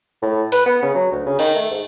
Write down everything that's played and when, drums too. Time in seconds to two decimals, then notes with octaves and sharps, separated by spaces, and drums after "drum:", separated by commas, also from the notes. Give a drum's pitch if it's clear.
0.22 A2
0.52 B4, drum: hi-hat
0.66 B3
0.82 C#3
0.95 F#3
1.12 D2
1.26 C#3
1.39 D#3, drum: cymbal
1.56 A3
1.71 G#2